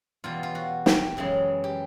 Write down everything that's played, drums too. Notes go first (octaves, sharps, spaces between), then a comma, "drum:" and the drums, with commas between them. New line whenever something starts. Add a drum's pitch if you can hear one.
E2 B2 G3 F4
F4
F#4
G4, drum: snare
F#2 C#3 E3 G#3
G4